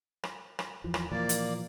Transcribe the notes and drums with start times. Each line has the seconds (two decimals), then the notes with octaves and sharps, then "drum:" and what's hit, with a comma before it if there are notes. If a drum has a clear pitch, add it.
0.23 drum: rim click
0.59 drum: rim click
0.84 E2 E3 F3
0.94 drum: rim click
1.12 A#2 E3 F3 A#3 D5
1.29 drum: hi-hat